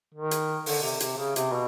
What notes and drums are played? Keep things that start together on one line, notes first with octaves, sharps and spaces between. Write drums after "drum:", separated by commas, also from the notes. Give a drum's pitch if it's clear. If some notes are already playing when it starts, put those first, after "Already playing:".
D#3
drum: hi-hat
D3, drum: open hi-hat
C3
C3, drum: hi-hat
C#3
C3, drum: hi-hat
B2